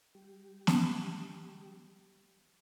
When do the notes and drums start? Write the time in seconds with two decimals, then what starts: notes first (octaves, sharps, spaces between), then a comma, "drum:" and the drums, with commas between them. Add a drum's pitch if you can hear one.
0.15 G3 G4
0.67 drum: snare